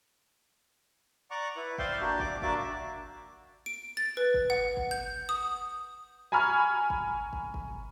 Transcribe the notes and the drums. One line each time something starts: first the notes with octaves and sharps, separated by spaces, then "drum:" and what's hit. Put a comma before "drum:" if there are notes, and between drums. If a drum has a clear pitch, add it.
D5 F#5 A#5 C#6 D6
E4 B4
C5 D5 E5 F5 G5 C6, drum: kick
A#3 D4 F#4 G4
D5 D6, drum: kick
A#3 D4 F#4 E5 A5 D6, drum: kick
D7
A6
B4
drum: kick
F#5
drum: kick
G6
D#6
G#5 A#5 B5 C#6 F6 G#6
drum: kick
drum: kick
drum: kick